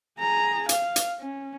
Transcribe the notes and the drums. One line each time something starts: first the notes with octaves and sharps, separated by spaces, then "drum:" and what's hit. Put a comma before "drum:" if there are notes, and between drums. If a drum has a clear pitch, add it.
G#4 A#5
F5, drum: hi-hat
drum: hi-hat
C#4